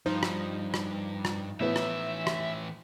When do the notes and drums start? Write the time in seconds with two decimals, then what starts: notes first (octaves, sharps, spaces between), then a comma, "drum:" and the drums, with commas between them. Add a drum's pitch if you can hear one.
0.06 G2 F3 D#4 C5
0.23 drum: rim click
0.74 drum: rim click
1.25 drum: rim click
1.61 A2 E3 A3 B3 E5
1.76 drum: rim click
2.27 drum: rim click